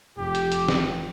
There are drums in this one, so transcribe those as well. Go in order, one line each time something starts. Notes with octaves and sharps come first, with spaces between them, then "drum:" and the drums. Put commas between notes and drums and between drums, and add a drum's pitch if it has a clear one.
F1 G4
drum: hi-hat
drum: hi-hat
drum: snare